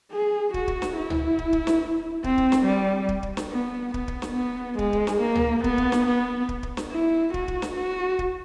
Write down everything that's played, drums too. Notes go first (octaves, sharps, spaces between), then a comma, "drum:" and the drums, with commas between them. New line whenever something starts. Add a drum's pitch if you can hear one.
G#4
F#4, drum: kick
drum: kick
drum: snare
E4
drum: tom
drum: kick
drum: kick
drum: snare
C4, drum: kick
drum: kick
drum: snare
G3
drum: kick
drum: kick
drum: snare
B3
B3, drum: kick
drum: kick
drum: snare
B3
G#3, drum: kick
drum: kick
drum: snare
A#3
drum: tom
B3, drum: kick
drum: kick
drum: snare
B3
drum: kick
drum: kick
drum: snare
E4
F#4, drum: kick
drum: kick
drum: snare
F#4
drum: kick